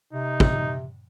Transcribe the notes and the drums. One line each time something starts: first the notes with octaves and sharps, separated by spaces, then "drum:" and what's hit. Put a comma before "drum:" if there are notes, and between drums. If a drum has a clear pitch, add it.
C3 D#4
drum: kick